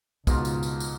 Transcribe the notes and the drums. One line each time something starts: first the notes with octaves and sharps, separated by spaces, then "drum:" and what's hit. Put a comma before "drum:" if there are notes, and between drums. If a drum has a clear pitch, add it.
C#2 G#2 B2 F4 A#4 A#5, drum: kick, tambourine
drum: tambourine
drum: tambourine
drum: tambourine